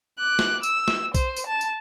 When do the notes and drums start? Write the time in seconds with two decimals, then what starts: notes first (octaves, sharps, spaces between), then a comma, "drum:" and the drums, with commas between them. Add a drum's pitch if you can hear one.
0.19 D6 F#6
0.39 drum: snare
0.63 E6, drum: tambourine
0.88 drum: snare
1.14 C5, drum: kick B1, tambourine
1.37 drum: tambourine
1.47 A5
1.61 drum: tambourine